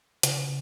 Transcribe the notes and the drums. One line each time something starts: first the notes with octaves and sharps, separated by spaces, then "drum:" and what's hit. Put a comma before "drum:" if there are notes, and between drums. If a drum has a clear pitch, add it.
C#3, drum: hi-hat